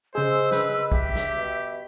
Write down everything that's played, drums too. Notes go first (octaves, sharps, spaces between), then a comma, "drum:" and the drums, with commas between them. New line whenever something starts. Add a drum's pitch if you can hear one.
C#3 G#3 G#4 C5 E6
B4, drum: snare
G4 E5, drum: kick
drum: snare
B2